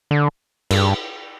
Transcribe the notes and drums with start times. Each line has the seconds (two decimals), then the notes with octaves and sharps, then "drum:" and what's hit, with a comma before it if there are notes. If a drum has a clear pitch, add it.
0.11 D3
0.71 G2, drum: cymbal